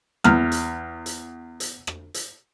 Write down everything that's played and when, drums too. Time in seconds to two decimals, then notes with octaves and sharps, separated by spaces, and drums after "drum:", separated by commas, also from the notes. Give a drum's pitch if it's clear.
0.24 E2 F6, drum: rim click
0.52 drum: hi-hat
1.06 drum: hi-hat
1.60 drum: hi-hat
1.87 drum: rim click
2.14 drum: hi-hat